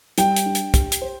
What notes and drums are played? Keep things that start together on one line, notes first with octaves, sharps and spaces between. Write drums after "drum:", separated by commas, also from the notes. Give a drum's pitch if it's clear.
G3 G5, drum: hi-hat
drum: hi-hat
D4
drum: hi-hat
G4, drum: kick, hi-hat
drum: hi-hat
C5